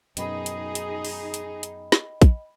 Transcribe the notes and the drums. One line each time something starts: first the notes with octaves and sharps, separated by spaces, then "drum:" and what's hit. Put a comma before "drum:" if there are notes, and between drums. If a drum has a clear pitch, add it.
F#2 B2 D#4 G#4 D#5 G5 B5, drum: hi-hat
drum: hi-hat
drum: hi-hat
drum: open hi-hat
drum: hi-hat
drum: hi-hat
drum: snare
drum: kick, hi-hat